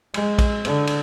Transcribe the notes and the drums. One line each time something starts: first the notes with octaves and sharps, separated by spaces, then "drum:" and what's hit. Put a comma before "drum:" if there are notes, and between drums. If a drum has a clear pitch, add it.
G#3, drum: cymbal
drum: kick A#1, cymbal
D3, drum: cymbal
drum: cymbal